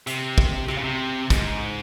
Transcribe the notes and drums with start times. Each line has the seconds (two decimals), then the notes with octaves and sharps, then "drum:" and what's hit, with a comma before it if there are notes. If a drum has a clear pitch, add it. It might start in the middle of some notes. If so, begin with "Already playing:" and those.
0.07 C3, drum: hi-hat
0.38 drum: kick
0.69 C3, drum: rim click
0.78 C#3
0.84 C3
1.30 G#2, drum: kick, hi-hat